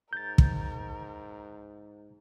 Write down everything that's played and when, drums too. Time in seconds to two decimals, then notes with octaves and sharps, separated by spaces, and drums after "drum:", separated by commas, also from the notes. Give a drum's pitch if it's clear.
0.13 G#2 A#4 G6 A6
0.38 drum: kick